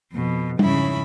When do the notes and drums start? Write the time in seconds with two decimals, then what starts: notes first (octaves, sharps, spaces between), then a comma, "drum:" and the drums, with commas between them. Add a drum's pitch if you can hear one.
0.11 F2 B2
0.59 F2 G#2 C#3 C#4 E4 B5, drum: tom G3